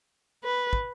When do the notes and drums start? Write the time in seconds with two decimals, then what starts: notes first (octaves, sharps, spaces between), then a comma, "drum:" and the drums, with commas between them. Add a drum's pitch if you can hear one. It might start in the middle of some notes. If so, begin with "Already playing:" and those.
0.43 B4
0.73 drum: kick